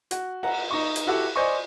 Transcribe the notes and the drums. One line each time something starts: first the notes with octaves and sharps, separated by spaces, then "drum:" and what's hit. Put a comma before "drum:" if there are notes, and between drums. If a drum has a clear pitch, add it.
F#4, drum: hi-hat
F#5 A#5, drum: cymbal
D#4 C#6
drum: hi-hat
E4 F#4 G4 A4 F#5
C5 D5 D#5 G#5 C#6